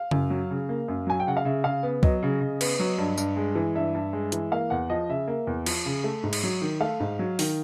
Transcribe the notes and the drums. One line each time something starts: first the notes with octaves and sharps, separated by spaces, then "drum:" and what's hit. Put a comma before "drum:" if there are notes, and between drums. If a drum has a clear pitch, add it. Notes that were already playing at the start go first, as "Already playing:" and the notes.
Already playing: F5
F#2, drum: tom C#3
F#3
C#3
A#3
F#2
F#3 G#5
G5
C#3 F#5
F5
C#3 E5
C#3 F5
B3
F#3 D#5, drum: kick C2
C#3
C#3
B3, drum: cymbal
F#3
G2
G2, drum: tambourine
G#3
E3
G2 E5
G2
G#3
E3, drum: hi-hat
A#3 F5
E2 F#5
F3 D#5
C#3 E5
A#3 E5
E2
F3, drum: cymbal
C#3
A3
G#2
drum: cymbal
F#3
D#3
A3 F5
G#2
F#3
D#3, drum: open hi-hat